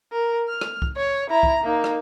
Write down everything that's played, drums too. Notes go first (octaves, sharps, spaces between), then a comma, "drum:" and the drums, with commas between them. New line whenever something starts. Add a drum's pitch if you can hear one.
A#4
F6
drum: rim click
drum: kick
C#5
E4 A#5
drum: kick
A#3 D#4
drum: rim click